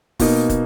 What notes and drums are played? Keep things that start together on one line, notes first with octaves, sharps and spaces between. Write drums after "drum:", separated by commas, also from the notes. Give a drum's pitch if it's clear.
B2 A#3 D#4, drum: kick, open hi-hat
drum: kick, hi-hat